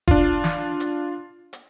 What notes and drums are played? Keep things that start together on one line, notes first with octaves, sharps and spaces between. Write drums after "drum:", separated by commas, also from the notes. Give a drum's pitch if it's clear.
D4 F4, drum: kick F1, hi-hat
drum: snare
drum: hi-hat
drum: hi-hat